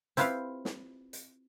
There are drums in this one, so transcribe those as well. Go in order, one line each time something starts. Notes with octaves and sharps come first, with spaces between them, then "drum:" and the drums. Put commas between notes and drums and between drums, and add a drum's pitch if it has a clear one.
C4 E4 F4 G4 B4 F5, drum: hi-hat
drum: snare
drum: hi-hat